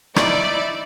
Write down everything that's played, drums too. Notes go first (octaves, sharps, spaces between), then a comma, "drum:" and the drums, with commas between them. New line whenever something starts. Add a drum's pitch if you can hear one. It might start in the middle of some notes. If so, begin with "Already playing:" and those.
D#4 E4 D5, drum: rim click